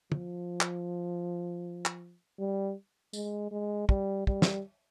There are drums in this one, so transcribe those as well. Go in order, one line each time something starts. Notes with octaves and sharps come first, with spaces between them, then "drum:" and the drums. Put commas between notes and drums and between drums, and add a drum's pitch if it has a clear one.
F3, drum: tom
drum: clap
drum: clap
G3
G#3, drum: tambourine
G#3
G3, drum: kick
G3, drum: kick
drum: snare